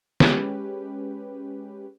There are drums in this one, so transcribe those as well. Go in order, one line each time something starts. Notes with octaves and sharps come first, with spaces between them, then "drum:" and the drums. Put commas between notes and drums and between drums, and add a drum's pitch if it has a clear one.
G#3 C#4 G4 B4, drum: snare